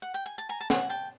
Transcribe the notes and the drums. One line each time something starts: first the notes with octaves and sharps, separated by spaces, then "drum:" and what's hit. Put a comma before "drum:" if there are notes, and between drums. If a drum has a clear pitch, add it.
F#5
G5
G#5
A5
G#5 A#5
A5
F#5 G#5, drum: snare
G5 A5